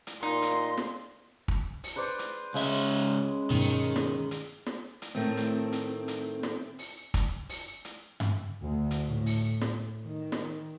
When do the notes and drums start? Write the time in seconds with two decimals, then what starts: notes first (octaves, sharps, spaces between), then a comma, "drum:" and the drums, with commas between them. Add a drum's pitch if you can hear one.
0.07 drum: hi-hat
0.23 A#2 D#4 C6
0.42 drum: hi-hat
0.78 drum: snare
1.48 drum: kick
1.84 drum: open hi-hat
1.96 B4 C5 D5
2.19 drum: hi-hat
2.54 C#2 C#3 G#3 C#4 E5
3.50 G2 B2 D#3
3.60 drum: open hi-hat
3.96 drum: snare
4.31 drum: hi-hat
4.66 drum: snare
5.02 drum: hi-hat
5.15 A2 D#3 A3 C4
5.37 drum: hi-hat
5.72 drum: hi-hat
6.08 drum: hi-hat
6.43 drum: snare
6.79 drum: open hi-hat
7.14 drum: kick, hi-hat
7.49 drum: open hi-hat
7.85 drum: hi-hat
8.20 drum: tom G2
8.64 D2
8.91 drum: hi-hat
9.06 A2
9.26 drum: open hi-hat
9.61 drum: snare
10.04 D#3
10.32 drum: snare